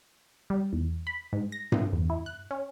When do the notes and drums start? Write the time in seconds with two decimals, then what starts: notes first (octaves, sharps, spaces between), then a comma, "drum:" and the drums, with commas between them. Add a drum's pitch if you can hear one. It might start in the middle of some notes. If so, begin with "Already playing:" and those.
0.50 G3
0.73 E2
1.07 B5
1.33 G#2
1.52 A#6
1.72 drum: tom G2
1.93 E2
2.10 E4
2.26 F#6
2.51 C#4